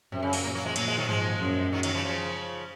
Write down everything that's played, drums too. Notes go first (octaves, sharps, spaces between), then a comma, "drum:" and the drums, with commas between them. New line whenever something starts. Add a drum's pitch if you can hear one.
F#2 C3
C#3
F#3 A#3, drum: open hi-hat
A#2 F#3 A#3
F#3 A#3
F3 G#3
A#2 F#3 A#3, drum: cymbal
F3 G#3
D#3 F#3
G#2 F3 G#3
F#2
D#3 F#3
D#3 F#3, drum: cymbal
C#3 F3
C#3 F3